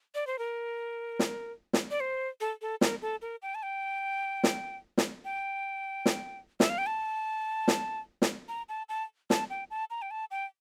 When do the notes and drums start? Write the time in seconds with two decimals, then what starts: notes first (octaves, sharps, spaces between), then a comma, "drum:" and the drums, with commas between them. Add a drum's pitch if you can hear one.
0.15 D5
0.27 C5
0.39 A#4
1.19 drum: snare
1.73 drum: snare
1.91 D5
2.00 C5
2.41 A4
2.62 A4
2.81 A#4, drum: snare
3.02 A4
3.22 A#4
3.42 G5
3.55 A5
3.63 G5
4.44 drum: snare
4.98 drum: snare
5.25 G5
6.06 drum: snare
6.60 E5, drum: snare
6.70 F5
6.78 G5
6.86 A5
7.68 drum: snare
8.22 drum: snare
8.48 A#5
8.69 A5
8.89 A5
9.30 A5, drum: snare
9.50 G5
9.70 A5
9.90 A#5
10.02 G5
10.11 A5
10.31 G5